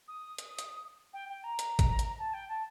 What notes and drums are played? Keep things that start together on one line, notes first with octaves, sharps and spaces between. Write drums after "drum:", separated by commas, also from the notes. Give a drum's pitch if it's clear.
D#6
drum: hi-hat
drum: hi-hat
G5
G5
A#5
drum: hi-hat
drum: kick G#1, hi-hat
drum: hi-hat
A5
G5
A5